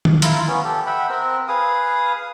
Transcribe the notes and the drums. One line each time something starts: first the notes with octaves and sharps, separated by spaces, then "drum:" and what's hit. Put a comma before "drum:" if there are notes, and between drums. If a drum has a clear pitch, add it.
drum: tom D#3
E4 F4 A#4, drum: hi-hat
B3 C#4
G4 A4
E5 F#5 G5 B5
C4 A#4
G#4 B4 F5 D#6